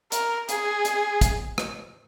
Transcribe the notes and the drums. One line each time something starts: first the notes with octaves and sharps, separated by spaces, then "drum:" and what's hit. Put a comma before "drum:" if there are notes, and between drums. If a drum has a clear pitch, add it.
A#4, drum: hi-hat
G#4, drum: hi-hat
drum: hi-hat
drum: kick, hi-hat
drum: rim click